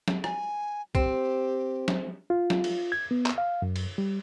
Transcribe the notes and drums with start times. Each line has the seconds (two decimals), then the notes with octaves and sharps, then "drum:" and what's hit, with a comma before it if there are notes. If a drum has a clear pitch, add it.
0.08 drum: snare
0.24 G#5, drum: rim click
0.95 C4 G4, drum: kick
1.88 drum: snare
2.30 F4
2.50 drum: snare
2.64 drum: cymbal
2.92 G#6
3.11 B3
3.26 drum: clap
3.38 F5
3.62 F#2
3.76 drum: cymbal
3.98 G3